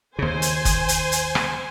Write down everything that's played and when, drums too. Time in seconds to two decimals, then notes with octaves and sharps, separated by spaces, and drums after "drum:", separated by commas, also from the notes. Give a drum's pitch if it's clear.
0.19 D#2 C#3 C5 G#5
0.42 drum: hi-hat
0.65 drum: kick F#1, hi-hat
0.89 drum: hi-hat
1.12 drum: hi-hat
1.35 drum: rim click